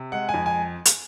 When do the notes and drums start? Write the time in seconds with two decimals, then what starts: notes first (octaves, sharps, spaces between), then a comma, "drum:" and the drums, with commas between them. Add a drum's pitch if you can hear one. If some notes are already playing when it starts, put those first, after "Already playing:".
Already playing: C3
0.12 G#3 F#5
0.29 G#5
0.34 F2
0.46 G#5
0.85 drum: hi-hat